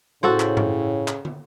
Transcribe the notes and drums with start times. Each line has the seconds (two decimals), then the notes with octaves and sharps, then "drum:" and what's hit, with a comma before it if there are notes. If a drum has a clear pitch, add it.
0.23 A2 C#3 F#4 A4 C5
0.40 drum: clap
0.57 drum: tom G2
1.08 drum: clap
1.25 drum: tom